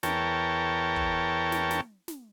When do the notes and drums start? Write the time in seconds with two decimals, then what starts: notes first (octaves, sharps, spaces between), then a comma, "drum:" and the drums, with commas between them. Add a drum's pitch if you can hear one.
0.03 E2 A#4 C#5 G5 A5, drum: snare
0.96 drum: kick
1.52 drum: snare
1.71 drum: snare
2.08 drum: snare